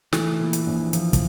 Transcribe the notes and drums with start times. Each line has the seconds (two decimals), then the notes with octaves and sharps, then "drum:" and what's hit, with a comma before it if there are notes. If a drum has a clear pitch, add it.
0.13 E3 A3, drum: snare
0.40 A#2
0.53 drum: hi-hat
0.66 A#1
0.93 F3, drum: hi-hat
1.13 drum: kick, hi-hat